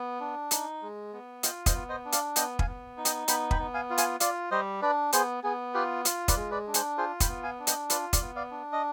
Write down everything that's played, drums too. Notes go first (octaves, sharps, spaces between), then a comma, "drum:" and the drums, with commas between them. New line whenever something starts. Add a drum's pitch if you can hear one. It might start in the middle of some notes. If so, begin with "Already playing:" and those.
Already playing: B3
D4
D#4, drum: hi-hat
G#3
B3
F4 D#5 G5, drum: hi-hat
C5 D#5, drum: kick, hi-hat
B3
C5 D#5
D4
D5 F5, drum: hi-hat
B3 D#5 G5, drum: hi-hat
F5 G#5, drum: kick
B3
D#4
D#5 G5, drum: hi-hat
B3 G5 B5, drum: hi-hat
G5 B5, drum: kick
B3
F5 G#5
F4
F5 G#5, drum: hi-hat
F4 D5 F5, drum: hi-hat
G3 C5 D#5
D4 B4 D5
B3 G#4 C5, drum: hi-hat
B3 G#4
F4 G4 B4
F4, drum: hi-hat
B4 D5, drum: kick, hi-hat
G#3
B4 D5
D4
G#4 C5, drum: hi-hat
F4 G#4 C5
G5 B5, drum: kick, hi-hat
B3
F5 G#5
D4
D#5 G5, drum: hi-hat
F4 B4 D5, drum: hi-hat
D5 F5, drum: kick, hi-hat
B3
D5 F5
D4
D#5